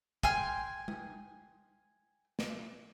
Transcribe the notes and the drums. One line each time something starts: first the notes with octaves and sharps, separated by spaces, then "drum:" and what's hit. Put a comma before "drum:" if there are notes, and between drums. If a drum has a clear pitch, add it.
G5 G#5 C6 F6, drum: kick
drum: tom G#3
drum: snare